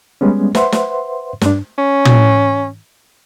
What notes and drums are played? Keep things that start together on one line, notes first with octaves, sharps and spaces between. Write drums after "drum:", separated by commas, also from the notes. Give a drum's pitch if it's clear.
G3 G#3 B3 C#4
B4 C5 E5 F#5 C6, drum: snare
drum: snare
G2 D4, drum: snare
C#4
drum: tom